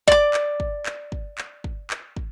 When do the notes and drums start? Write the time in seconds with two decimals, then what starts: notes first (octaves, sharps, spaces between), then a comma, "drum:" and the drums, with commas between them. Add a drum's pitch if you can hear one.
0.08 D5 D6, drum: kick
0.34 drum: clap
0.60 drum: kick
0.86 drum: clap
1.12 drum: kick
1.38 drum: clap
1.64 drum: kick
1.90 drum: clap
2.17 drum: kick